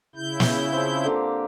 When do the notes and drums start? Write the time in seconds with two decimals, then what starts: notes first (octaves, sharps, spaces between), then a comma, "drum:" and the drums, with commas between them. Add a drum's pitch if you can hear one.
0.15 C#3 E4 G6
0.40 drum: snare
0.73 F3 C4
1.04 D3 A#3 G4